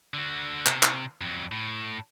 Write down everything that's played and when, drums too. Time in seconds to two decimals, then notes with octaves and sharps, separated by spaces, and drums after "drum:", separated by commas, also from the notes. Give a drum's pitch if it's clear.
0.14 D3 F#4
0.66 C3, drum: clap
0.83 drum: clap
1.21 F2 F#3
1.52 A2